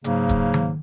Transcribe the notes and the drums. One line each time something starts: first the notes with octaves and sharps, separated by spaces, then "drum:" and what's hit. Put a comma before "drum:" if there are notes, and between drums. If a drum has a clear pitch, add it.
G#2 C#3 F#3 A#3, drum: hi-hat
drum: kick, hi-hat
drum: tom D#3